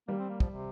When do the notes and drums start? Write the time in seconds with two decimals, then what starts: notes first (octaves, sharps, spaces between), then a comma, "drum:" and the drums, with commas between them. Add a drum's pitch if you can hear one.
0.08 G3 A#3
0.19 C4
0.29 A#3
0.40 F3, drum: kick
0.50 C3